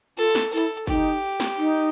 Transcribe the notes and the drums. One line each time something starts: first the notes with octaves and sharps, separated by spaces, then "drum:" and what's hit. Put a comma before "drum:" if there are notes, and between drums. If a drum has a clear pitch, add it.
F4 A4
drum: snare
E4 A4
D#4 G4, drum: kick G1
drum: snare
D#4